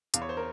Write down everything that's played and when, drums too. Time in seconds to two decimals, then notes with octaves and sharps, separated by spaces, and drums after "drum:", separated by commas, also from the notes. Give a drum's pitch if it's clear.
0.14 E2 F5, drum: hi-hat
0.22 C#5
0.29 C5
0.37 A#4